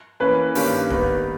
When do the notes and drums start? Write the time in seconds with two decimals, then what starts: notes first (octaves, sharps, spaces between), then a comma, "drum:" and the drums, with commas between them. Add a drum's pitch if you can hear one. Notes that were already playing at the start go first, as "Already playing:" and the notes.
0.20 E3 A#3 C#4 B4
0.55 G2 D#3 A#3 C#4 G4, drum: open hi-hat
0.90 D#3 G3 B3 D#4 B4, drum: kick D#1